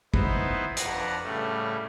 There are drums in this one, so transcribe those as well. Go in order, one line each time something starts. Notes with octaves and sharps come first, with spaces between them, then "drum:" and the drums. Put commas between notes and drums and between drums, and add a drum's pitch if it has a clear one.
B3 D#4 E4 B4 C5, drum: kick
F2 D4 B4 F#5 A#5, drum: hi-hat
A2 C#3 G3 A3